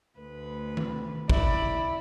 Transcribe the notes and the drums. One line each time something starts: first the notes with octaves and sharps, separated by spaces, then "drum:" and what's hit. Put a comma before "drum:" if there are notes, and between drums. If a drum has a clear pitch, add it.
D2 B4
drum: tom D#3
E4 D5 B5, drum: kick